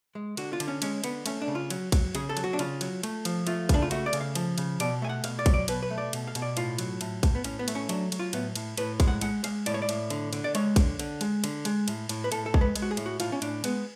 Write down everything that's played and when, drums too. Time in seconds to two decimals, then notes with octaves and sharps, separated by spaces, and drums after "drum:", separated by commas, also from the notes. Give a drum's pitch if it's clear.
0.15 G#3
0.37 D3 F#4, drum: cymbal
0.53 F4
0.60 D3, drum: cymbal
0.68 C#4
0.82 G#3 C#4, drum: cymbal
1.04 D3 B3, drum: cymbal
1.26 A3 C#4, drum: cymbal
1.42 D4
1.48 C#3
1.55 F4
1.70 F#3, drum: cymbal
1.92 F#3, drum: kick A#1, cymbal
2.15 C#3 G#4, drum: cymbal
2.29 A4
2.37 F#3, drum: cymbal
2.44 F#4
2.53 D4
2.59 C#3 F4, drum: cymbal
2.81 F#3, drum: cymbal
3.03 A3, drum: cymbal
3.25 F3, drum: cymbal
3.47 A3 F4, drum: cymbal
3.69 C#3 D4, drum: kick A#1, cymbal
3.82 F4
3.91 A3 F#4, drum: cymbal
4.06 D5
4.13 C#3, drum: cymbal
4.21 F5
4.35 F3, drum: cymbal
4.58 C#3, drum: cymbal
4.80 B2 D5, drum: cymbal
5.02 A3 G#5
5.09 F#5
5.24 B2 F5, drum: cymbal
5.39 D5
5.46 F#3, drum: kick A#1, cymbal
5.54 D5
5.68 B2 B4, drum: cymbal
5.83 B4
5.90 A3
5.98 D5
6.13 B2, drum: cymbal
6.27 F5
6.35 B2, drum: cymbal
6.42 D5
6.57 A2 F4, drum: cymbal
6.79 F#3, drum: cymbal
7.01 A2, drum: cymbal
7.23 A2, drum: kick A#1, cymbal
7.35 B3
7.44 A2 C#4, drum: cymbal
7.59 B3
7.68 A3, drum: cymbal
7.75 C#4
7.89 F#3 D4, drum: cymbal
8.12 F#3, drum: cymbal
8.19 F4
8.33 A2 B3, drum: cymbal
8.56 A2, drum: cymbal
8.77 A2 B4, drum: cymbal
9.00 G#3, drum: kick A#1, cymbal
9.08 F#5
9.21 G#3 F#5, drum: cymbal
9.44 G#3 F5, drum: cymbal
9.66 A2 D5, drum: cymbal
9.74 C#5
9.82 D5
9.89 A2, drum: cymbal
10.10 D3, drum: cymbal
10.33 D3, drum: cymbal
10.44 D5
10.55 G#3 C#5, drum: cymbal
10.76 D3, drum: kick A#1, cymbal
10.99 D3, drum: cymbal
11.21 G#3, drum: cymbal
11.44 D3, drum: cymbal
11.65 G#3, drum: cymbal
11.88 A2, drum: cymbal
12.09 A2, drum: cymbal
12.24 B4
12.32 A2 A4, drum: cymbal
12.46 A4
12.54 G#3, drum: kick A#1
12.61 B4
12.76 G#3, drum: cymbal
12.82 F#4
12.91 G#4
12.97 A2, drum: cymbal
13.06 F#4
13.20 A2 F4, drum: cymbal
13.32 C#4
13.42 A2 D4, drum: cymbal
13.64 G#3 B3, drum: cymbal